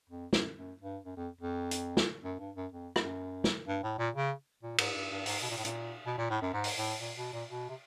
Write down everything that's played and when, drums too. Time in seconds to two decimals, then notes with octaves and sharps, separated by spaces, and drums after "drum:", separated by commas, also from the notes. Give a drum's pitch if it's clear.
0.09 F2
0.33 F#2, drum: snare
0.57 F#2
0.81 G2
1.05 F#2
1.17 F2
1.41 F2
1.71 drum: hi-hat
1.97 drum: snare
2.24 F#2
2.39 G2
2.56 F#2
2.72 F2
2.96 F#2, drum: rim click
3.44 drum: snare
3.67 G2
3.83 A2
3.98 A#2
4.15 C#3
4.63 A#2
4.78 G#2, drum: cymbal
4.95 G2
5.11 G2
5.26 G#2, drum: open hi-hat
5.42 B2
5.50 A#2
5.58 A2
5.65 A#2, drum: hi-hat
6.06 B2
6.18 A#2
6.30 A2
6.42 F#2
6.53 G#2
6.64 drum: open hi-hat
6.78 A2
7.01 A#2
7.17 B2
7.33 A#2
7.50 B2
7.69 C3